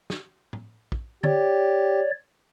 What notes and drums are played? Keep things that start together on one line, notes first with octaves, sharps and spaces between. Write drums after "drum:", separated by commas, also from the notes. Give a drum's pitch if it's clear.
drum: snare
drum: tom A2
drum: kick
G4 C#5 D5, drum: tom D3